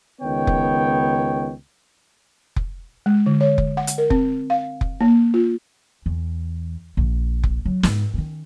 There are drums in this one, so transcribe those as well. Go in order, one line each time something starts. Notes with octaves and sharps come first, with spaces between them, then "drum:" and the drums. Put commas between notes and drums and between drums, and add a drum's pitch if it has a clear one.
C#2 D#3 B3 C#5 G5
drum: kick F1
drum: kick F1
G#3
D3
C#5
drum: kick F1
F#5
drum: hi-hat
A#4
C4, drum: kick F1
F5
drum: kick F1
A#3
F4
E2
A#1
drum: kick F1
F#3
G#2, drum: snare
D#3 C#4